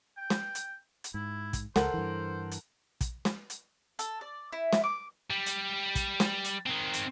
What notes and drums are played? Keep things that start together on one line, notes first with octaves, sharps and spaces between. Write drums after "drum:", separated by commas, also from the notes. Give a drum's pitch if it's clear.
G5
drum: snare
drum: hi-hat
drum: hi-hat
G#2 E4
drum: kick, hi-hat
C#2 A4 A#4 C5 F#5, drum: snare
G2 E3
drum: hi-hat
drum: kick, hi-hat
drum: snare
drum: hi-hat
A4, drum: hi-hat
D5
E4
drum: snare
D6
G3
drum: hi-hat
drum: kick, hi-hat
drum: snare
drum: hi-hat
D#3 C4
drum: hi-hat